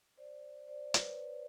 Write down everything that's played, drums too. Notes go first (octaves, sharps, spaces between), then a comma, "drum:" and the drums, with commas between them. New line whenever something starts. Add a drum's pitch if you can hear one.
C5 D5
C5 D5
B4 C#5, drum: hi-hat